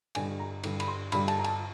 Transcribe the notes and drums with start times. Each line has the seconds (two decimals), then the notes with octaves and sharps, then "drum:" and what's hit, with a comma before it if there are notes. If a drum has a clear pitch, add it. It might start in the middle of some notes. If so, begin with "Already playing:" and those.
0.15 G2 D3 G3 G#5, drum: cymbal
0.39 A#5
0.64 G2 D3 G3, drum: cymbal
0.80 B5, drum: cymbal
0.88 C6
1.12 G2 D3 G3 B5, drum: cymbal
1.28 A5, drum: cymbal
1.39 A#5
1.44 A5, drum: cymbal